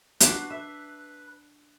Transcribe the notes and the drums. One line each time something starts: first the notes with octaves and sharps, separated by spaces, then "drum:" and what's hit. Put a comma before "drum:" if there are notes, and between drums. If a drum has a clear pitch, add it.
D4 F#4 B4 F#6 B6 C7, drum: hi-hat
B4 E5